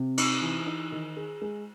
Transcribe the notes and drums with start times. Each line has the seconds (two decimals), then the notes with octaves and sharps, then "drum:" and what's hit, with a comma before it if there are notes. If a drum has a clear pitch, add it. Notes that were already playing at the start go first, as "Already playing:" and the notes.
Already playing: C3 C4
0.17 D#4, drum: cymbal
0.41 E3
0.67 D#4
0.92 D#3
1.17 G#4
1.41 G#3